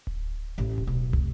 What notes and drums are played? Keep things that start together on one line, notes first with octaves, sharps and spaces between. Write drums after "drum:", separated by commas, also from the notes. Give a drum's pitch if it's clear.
drum: kick D1
A1
drum: kick D1
B1
F1, drum: tom